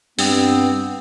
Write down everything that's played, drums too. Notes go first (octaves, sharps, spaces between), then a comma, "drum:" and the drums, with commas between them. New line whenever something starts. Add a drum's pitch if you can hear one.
G2 B3 C4, drum: open hi-hat